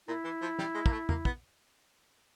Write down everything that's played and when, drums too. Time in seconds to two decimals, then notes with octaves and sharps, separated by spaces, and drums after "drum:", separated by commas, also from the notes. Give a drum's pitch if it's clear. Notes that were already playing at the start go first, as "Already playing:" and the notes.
0.07 A#2 E4
0.24 E3
0.42 F3
0.59 G3, drum: snare
0.74 G#3
0.86 A#3, drum: kick
0.92 A3
1.09 A#3, drum: tom
1.25 B3, drum: kick